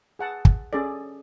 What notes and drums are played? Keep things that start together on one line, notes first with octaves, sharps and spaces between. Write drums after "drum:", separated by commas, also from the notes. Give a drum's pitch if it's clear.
G#4 F#5 A5
drum: kick
C#4 G#4 A4 D5